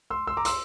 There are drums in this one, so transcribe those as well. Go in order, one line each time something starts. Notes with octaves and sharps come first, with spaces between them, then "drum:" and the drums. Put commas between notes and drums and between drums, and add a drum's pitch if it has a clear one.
C6 E6
C6 E6
A#5 D6
C6 E6, drum: hi-hat